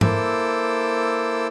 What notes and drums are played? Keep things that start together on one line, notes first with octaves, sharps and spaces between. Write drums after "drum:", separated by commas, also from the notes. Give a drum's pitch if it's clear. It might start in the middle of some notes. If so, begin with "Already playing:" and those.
A#3 E4 A4 C5 D6 E6, drum: tom G#2